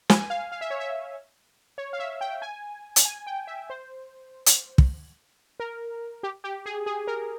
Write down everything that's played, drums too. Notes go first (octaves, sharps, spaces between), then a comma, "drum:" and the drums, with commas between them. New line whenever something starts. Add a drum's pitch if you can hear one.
G#5, drum: snare
F5
F5
E5
C#5
E5
C#5
F5
E5
G5
G#5
drum: hi-hat
G#5
G5
E5
C5
drum: hi-hat
drum: kick
A#4
G4
G4
G#4
G#4
A#4